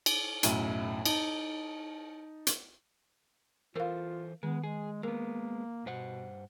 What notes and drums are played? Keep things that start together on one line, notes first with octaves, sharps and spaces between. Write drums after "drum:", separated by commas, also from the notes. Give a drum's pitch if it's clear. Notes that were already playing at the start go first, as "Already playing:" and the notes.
drum: cymbal
B1 F#2 A2 E4 D#7, drum: hi-hat
D#4 A5, drum: cymbal
drum: hi-hat
E3 F4 A4 A#4 C5 F5
D#3 G#3 B3
G#3 G#4
G#3 A#3 B3 A#4
G2 B2 C5 F#5